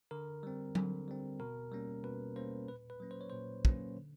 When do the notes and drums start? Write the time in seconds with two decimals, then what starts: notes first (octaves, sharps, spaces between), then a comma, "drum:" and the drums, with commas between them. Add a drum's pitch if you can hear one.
0.11 D3 A#4
0.43 G3 C4
0.75 D3, drum: tom F#3
1.08 G3 C4
1.40 B2 A#4
1.72 G3 A#3 C#4
2.04 B2 B4
2.36 G3 A#3 C#4 C5
2.68 A#2 B4
2.90 B4
3.00 F#3 A#3 C#4
3.11 C5
3.21 C#5
3.30 A#2 C5
3.65 F#3 A#3 C#4, drum: kick
3.97 D3